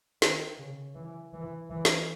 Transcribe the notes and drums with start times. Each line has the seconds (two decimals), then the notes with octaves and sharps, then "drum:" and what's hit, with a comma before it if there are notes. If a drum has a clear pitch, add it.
0.22 D#3, drum: snare
0.58 C#3
0.95 E3
1.33 E3
1.70 E3
1.85 drum: snare